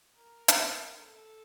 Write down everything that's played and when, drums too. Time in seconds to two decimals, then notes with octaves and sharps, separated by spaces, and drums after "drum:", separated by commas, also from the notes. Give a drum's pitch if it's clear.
0.16 A#4
0.48 drum: hi-hat
0.97 A4